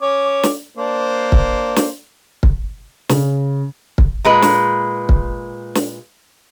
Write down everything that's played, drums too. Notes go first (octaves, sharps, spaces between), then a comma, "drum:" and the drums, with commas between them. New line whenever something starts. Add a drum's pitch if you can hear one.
C#4 C#5 D6
drum: snare
A#3 D4 C5
drum: kick
drum: snare
drum: kick
C#3, drum: snare
drum: kick
A#2 G#3 B4
drum: snare
drum: kick
drum: snare